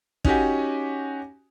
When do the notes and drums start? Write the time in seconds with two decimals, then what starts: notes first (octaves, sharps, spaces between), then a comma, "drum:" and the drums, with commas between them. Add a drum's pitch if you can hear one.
0.25 C#4 D#4 F#4 G4 G#5, drum: kick